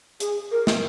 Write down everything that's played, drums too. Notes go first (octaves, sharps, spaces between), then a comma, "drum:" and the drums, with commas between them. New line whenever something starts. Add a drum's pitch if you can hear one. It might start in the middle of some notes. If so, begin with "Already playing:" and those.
G#4, drum: hi-hat
A#4
drum: snare